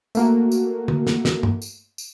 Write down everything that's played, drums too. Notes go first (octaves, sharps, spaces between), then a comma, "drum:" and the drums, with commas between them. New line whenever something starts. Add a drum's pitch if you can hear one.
A3 A#3 F#4, drum: tambourine
drum: tambourine
drum: tom
drum: snare
drum: snare
drum: tom
drum: tambourine
drum: tambourine